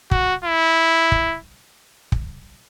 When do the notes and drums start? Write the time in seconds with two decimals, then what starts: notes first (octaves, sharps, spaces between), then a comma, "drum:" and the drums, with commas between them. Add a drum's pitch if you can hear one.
0.11 F#4, drum: kick
0.44 E4
1.12 drum: kick
2.12 drum: kick